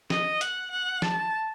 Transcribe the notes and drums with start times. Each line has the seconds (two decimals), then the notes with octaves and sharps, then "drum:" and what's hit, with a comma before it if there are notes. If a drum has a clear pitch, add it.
0.10 D#5, drum: snare
0.41 F#5, drum: hi-hat
0.71 F#5
1.02 A5, drum: snare